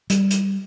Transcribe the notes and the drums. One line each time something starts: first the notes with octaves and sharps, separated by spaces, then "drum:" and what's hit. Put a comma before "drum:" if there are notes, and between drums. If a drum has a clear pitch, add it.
G3, drum: hi-hat
drum: hi-hat